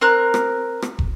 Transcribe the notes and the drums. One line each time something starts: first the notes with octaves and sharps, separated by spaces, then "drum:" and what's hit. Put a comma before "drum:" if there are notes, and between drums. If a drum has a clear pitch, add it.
C4 A#4 F#6
drum: rim click
drum: rim click
drum: kick